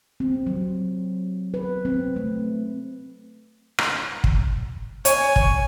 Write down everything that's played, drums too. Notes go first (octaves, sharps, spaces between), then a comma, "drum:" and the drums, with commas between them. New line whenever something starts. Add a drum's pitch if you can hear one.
C4
F#3
B4
C4
A3
drum: rim click
drum: kick
C#5 G#5, drum: hi-hat
drum: kick